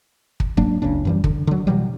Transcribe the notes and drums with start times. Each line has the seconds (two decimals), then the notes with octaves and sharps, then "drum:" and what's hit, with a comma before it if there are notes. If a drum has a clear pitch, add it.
0.40 drum: kick
0.57 G#2 F#3 A#3 D4, drum: kick
0.82 F#1 C#2 C#3 D4
1.05 F#2 E3 G3
1.24 D3, drum: kick
1.47 D3 F#3
1.67 B2 E3 F#3 G3